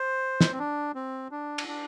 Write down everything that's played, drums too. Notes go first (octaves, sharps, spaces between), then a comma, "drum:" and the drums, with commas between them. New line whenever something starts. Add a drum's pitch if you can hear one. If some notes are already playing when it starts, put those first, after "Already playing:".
Already playing: C5
drum: snare
C4
D4
C4
D4
drum: cymbal
D4